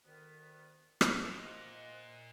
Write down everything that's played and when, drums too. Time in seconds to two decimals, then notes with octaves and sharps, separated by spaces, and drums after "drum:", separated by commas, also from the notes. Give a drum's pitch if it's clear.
0.05 D2 D#3 B3
1.01 drum: rim click
1.24 A#2 C5 D#5 F#5